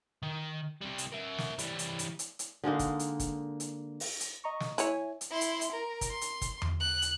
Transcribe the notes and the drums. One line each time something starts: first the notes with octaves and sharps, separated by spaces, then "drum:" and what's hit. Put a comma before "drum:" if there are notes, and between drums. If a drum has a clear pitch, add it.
D#3
C3 G3
drum: hi-hat
A#4 E5
drum: snare
E3 G3, drum: hi-hat
drum: hi-hat
drum: hi-hat
drum: hi-hat
drum: hi-hat
D3 G#3 A#3 D#4
drum: kick, hi-hat
drum: hi-hat
drum: kick, hi-hat
drum: hi-hat
drum: open hi-hat
drum: hi-hat
D#5 A#5 C#6
drum: snare
E4 C#5 G#5, drum: hi-hat
drum: hi-hat
E4 C6
drum: hi-hat
drum: hi-hat
A#4
drum: kick, hi-hat
C6
drum: hi-hat
drum: kick, hi-hat
drum: tom E2
F#6
drum: hi-hat